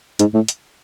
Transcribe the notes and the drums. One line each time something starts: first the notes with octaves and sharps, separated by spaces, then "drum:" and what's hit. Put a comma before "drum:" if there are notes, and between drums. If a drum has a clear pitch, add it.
G#2, drum: hi-hat
A2
drum: hi-hat